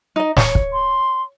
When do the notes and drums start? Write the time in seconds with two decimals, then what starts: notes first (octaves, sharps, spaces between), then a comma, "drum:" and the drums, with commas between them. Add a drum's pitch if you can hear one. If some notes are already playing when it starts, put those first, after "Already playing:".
0.16 D#4 D#5
0.37 C#5, drum: snare
0.55 drum: kick
0.73 C6